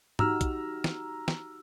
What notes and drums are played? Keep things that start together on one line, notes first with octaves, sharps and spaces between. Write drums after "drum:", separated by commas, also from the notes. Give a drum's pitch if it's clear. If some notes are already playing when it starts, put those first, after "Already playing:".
D#4 F#4 G4 A#5 E6 F6, drum: tom G#2
drum: kick A#1, hi-hat
drum: snare
drum: snare